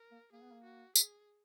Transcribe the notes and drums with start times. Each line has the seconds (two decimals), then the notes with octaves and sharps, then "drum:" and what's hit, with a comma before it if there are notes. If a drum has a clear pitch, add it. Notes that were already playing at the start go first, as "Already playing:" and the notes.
Already playing: A#4
0.11 A#3
0.32 A#3 G#4
0.42 B3
0.52 A#3
0.64 F#4
0.95 G#4, drum: tambourine